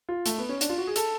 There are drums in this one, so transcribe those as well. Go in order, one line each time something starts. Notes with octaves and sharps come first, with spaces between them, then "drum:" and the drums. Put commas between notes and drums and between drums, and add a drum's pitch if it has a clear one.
F4
A3, drum: hi-hat
B3
C#4
D4, drum: hi-hat
F4
F#4
G#4
A4, drum: hi-hat